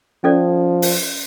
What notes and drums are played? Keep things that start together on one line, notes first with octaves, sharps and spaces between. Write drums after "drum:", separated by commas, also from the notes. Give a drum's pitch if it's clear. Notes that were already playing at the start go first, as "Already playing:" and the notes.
F3 C#4 A4 D5
drum: open hi-hat